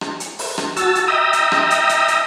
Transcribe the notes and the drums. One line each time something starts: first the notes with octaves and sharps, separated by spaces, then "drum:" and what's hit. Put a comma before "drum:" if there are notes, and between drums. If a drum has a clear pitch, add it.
drum: rim click
drum: hi-hat
drum: open hi-hat
drum: rim click
F#4 A5 E6, drum: hi-hat
drum: hi-hat
D#5 E5 G5 A#5 D#6 E6
drum: hi-hat
drum: rim click
drum: hi-hat
drum: hi-hat
drum: hi-hat